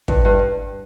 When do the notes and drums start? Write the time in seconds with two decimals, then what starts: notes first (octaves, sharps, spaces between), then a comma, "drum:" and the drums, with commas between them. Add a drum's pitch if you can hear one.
0.08 G2, drum: kick
0.25 G2